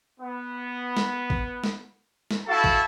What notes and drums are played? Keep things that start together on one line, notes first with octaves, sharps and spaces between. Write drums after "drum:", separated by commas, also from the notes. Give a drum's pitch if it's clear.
B3
drum: snare
drum: kick A1
drum: snare
drum: snare
E4 F#4 A4 F5 A5
drum: kick A1